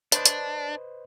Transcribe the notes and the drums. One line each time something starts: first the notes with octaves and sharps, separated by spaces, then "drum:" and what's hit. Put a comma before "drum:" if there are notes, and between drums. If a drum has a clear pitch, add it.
D4 B4 C5 D#5, drum: hi-hat
drum: hi-hat